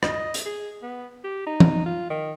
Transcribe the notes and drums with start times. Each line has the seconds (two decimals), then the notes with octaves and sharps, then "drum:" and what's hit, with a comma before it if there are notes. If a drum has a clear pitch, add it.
0.03 D#5, drum: rim click
0.34 drum: hi-hat
0.46 G#4
0.83 B3
1.24 G4
1.47 D#4
1.60 drum: tom E3
1.86 F4
2.10 D#3